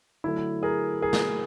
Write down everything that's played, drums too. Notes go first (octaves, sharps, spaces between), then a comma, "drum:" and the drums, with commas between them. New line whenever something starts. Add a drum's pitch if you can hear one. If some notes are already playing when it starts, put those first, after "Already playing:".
D3 F#3 A3 E4
G#4 A#4
G#4 A#4
drum: snare